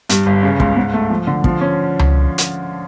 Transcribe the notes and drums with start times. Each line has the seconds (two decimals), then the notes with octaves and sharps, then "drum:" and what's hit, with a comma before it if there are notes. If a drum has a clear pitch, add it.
0.09 G2, drum: hi-hat
0.26 G1
0.43 C#3
0.60 C#2, drum: kick
0.77 G#2
0.94 A3
1.10 F3
1.27 D3
1.44 F3, drum: kick
1.61 C#4
1.99 drum: tom C#2
2.38 drum: hi-hat